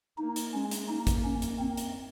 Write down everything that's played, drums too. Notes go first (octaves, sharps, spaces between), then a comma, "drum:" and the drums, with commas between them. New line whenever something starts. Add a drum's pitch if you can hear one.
A#3 D#4
drum: hi-hat
G#3 C#4
drum: hi-hat
A#3 D#4
drum: kick, hi-hat
C#4
drum: hi-hat
A#3 C4
drum: hi-hat